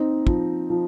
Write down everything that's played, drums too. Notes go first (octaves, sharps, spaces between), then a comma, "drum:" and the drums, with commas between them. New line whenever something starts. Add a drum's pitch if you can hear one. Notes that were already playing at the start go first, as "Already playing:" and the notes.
Already playing: C4 D#4
F3, drum: kick
F3